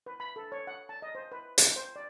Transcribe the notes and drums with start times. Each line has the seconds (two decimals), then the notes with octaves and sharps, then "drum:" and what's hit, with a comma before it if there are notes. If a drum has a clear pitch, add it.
0.06 B4
0.20 B5
0.36 A4
0.52 C#5
0.67 F#5
0.89 A5
1.02 D#5
1.15 C5
1.32 B4
1.58 drum: hi-hat
1.76 C5
1.96 D5